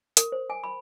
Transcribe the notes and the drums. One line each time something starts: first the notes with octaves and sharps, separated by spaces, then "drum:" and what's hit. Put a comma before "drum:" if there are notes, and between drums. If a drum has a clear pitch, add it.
A#4, drum: hi-hat
C5
G#5
B5